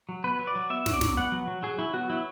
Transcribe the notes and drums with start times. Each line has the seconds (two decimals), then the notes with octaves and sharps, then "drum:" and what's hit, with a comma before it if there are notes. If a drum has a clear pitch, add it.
0.09 F#3
0.24 B3 B4
0.39 F#3
0.47 D5
0.55 F#3
0.70 B3 E5
0.86 F#3, drum: snare
0.93 D5
1.01 F#3, drum: snare
1.17 B3 F#5
1.32 F#3
1.48 F#3
1.63 F#3 G#4
1.79 F#3 E4
1.94 B3 F#4
2.10 F#3 E4